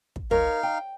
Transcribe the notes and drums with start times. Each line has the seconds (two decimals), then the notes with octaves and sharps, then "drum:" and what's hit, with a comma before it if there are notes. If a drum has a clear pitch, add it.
0.16 drum: kick
0.31 D#4 A#4 C#5 F5, drum: tom
0.63 G5